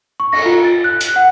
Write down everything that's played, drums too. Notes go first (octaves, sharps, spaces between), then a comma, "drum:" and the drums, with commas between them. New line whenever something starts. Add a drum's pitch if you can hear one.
C#6
A#6, drum: cymbal
F4
A6
F#6
F#6, drum: hi-hat
F#5